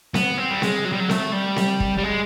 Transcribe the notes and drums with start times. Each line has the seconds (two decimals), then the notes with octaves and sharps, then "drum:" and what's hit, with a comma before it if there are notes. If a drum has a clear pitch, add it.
0.14 B3, drum: snare C4
0.38 C4
0.51 G3
0.62 G#3, drum: snare C4
0.85 F#3
0.93 G3
1.00 F#3
1.10 A3, drum: snare C4
1.33 G3
1.56 drum: snare C4
1.80 drum: kick
1.98 G3
2.04 G#3